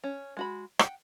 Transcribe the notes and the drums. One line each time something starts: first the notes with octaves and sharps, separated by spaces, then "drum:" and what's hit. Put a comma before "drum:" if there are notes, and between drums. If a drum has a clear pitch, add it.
C#4
G#3 F#4 B5
F#5 G5, drum: rim click